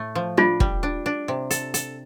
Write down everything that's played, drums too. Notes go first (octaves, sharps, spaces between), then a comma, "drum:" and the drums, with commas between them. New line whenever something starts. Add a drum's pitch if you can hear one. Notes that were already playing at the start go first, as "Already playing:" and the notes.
Already playing: A2 A3
F3
D4 F4
G3, drum: kick
D4
D4
C3
A4, drum: hi-hat
A4, drum: hi-hat